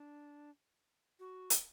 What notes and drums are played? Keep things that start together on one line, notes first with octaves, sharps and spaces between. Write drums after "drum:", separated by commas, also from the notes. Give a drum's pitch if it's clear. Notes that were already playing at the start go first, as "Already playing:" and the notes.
Already playing: D4
F#4
drum: hi-hat